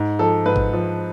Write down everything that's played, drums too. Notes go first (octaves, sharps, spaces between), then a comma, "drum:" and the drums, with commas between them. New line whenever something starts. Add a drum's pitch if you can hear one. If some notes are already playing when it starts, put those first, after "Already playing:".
Already playing: G#2
F3 A4
G#2 B4
drum: kick G1
F3